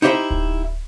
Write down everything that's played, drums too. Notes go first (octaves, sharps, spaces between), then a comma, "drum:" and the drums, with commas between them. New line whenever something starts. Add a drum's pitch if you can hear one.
D#4 E4 G4 C5 E5
drum: kick D1